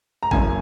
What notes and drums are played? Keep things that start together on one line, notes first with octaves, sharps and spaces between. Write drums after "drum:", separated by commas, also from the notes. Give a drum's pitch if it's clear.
A#5
F#1 F#2 C#3 E3 G#5, drum: kick